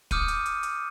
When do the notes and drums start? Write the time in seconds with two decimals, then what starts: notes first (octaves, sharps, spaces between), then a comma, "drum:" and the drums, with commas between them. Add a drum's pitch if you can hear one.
0.11 D6 D#6 F6 G6 C#7 D#7, drum: kick, hi-hat
0.28 drum: hi-hat
0.46 drum: hi-hat
0.63 drum: hi-hat